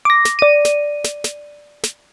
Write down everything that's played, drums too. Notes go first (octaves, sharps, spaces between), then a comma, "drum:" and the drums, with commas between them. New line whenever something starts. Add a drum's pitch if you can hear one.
D6 A#6
drum: snare
D5 D#7
drum: snare
drum: snare
drum: snare
drum: snare